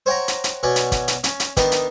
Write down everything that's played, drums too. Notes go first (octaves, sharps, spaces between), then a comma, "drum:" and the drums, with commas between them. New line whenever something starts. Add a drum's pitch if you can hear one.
C5 C#5 F#5 G5 A#5
drum: hi-hat
drum: hi-hat
B2 C#5 D5 F#5 G#5
drum: hi-hat
drum: kick, hi-hat
drum: hi-hat
C#4, drum: hi-hat
drum: hi-hat
D#3 B3 D4 D#4, drum: kick, hi-hat
drum: hi-hat